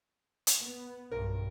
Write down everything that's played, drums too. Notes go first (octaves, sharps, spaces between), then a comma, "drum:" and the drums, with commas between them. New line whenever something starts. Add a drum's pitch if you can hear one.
drum: hi-hat
B3
B1 G2 A#4